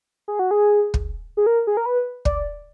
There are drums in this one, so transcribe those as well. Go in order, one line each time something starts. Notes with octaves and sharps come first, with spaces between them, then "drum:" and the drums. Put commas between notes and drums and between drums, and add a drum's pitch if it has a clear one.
G#4
F#4
G#4
drum: kick
G#4
A#4
G#4
A#4
B4
D5, drum: kick